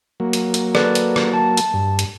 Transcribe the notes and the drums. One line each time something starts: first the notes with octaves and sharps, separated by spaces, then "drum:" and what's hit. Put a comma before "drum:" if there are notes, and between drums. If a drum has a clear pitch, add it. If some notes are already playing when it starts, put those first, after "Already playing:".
F#3 A#3
drum: hi-hat
drum: hi-hat
A4 B4 D5, drum: rim click
drum: hi-hat
drum: rim click
A5
drum: hi-hat
G2
drum: hi-hat